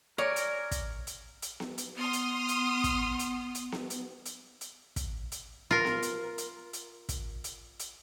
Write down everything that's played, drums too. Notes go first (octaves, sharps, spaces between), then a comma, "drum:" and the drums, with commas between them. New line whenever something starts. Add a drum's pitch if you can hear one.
A#4 C#5 D5 G#5
drum: hi-hat
drum: kick, hi-hat
drum: hi-hat
drum: hi-hat
drum: snare B3
drum: hi-hat
B3 C6 D#6 F6
drum: hi-hat
drum: hi-hat
drum: kick, hi-hat
drum: hi-hat
drum: hi-hat
drum: snare B3
drum: hi-hat
drum: hi-hat
drum: hi-hat
drum: kick, hi-hat
drum: hi-hat
F4 A#4
drum: snare B3
drum: hi-hat
drum: hi-hat
drum: hi-hat
drum: kick, hi-hat
drum: hi-hat
drum: hi-hat